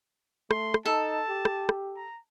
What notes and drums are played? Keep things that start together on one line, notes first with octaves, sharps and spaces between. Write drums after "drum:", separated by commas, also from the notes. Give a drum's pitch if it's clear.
A3 C6, drum: rim click
drum: rim click
D#4 A4 A5
G4
drum: rim click
drum: rim click
A#5